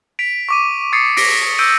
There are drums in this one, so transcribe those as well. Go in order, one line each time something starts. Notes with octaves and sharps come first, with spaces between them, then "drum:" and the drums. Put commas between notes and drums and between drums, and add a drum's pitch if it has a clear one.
B6 D7 F7
C#6 D6 D#7
C#6 D#6 G#6 A6 C7 C#7
D6 A#6 B6 D7, drum: open hi-hat
E6 G6 D7 D#7